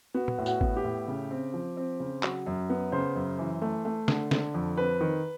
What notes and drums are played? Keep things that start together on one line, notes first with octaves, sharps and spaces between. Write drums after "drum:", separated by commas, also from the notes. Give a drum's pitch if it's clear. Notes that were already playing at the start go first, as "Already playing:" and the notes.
B3 F#4
drum: tom A#2
A2
F#4, drum: tambourine
B3, drum: kick G#1
G4
A2
C#3
C4
F3
C4
C#3
F#3, drum: clap
F#2
B3
C#3 C5
F#2
E3
A3
A3
D3, drum: snare
D3, drum: snare
F2
C4 B4
D#3